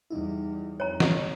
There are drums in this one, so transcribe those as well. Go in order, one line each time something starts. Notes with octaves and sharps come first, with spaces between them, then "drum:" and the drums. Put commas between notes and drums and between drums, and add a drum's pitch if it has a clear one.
E2 G3 D#4 E4
F2 C#5 A#5
drum: snare